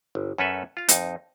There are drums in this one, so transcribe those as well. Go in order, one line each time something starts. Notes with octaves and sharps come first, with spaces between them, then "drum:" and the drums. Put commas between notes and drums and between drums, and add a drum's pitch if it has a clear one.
G1
F#2 C#4 A4 B4 E5
F4 F5
F2 D#4, drum: hi-hat